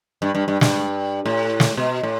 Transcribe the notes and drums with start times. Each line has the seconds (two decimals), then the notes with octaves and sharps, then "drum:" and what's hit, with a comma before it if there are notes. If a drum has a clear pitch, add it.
0.22 G2
0.35 G2
0.48 G2
0.61 G2, drum: snare
1.26 A2
1.60 drum: snare
1.77 B2
2.03 A2